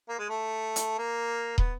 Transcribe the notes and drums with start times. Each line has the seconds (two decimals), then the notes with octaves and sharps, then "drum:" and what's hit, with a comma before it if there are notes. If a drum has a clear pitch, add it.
0.09 A#3
0.18 G#3
0.29 A3
0.76 drum: hi-hat
0.98 A#3
1.58 B3, drum: kick